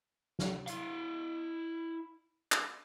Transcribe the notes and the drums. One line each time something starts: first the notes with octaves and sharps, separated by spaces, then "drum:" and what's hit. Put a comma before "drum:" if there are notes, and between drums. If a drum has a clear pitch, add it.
drum: snare
E4 F5, drum: hi-hat
drum: clap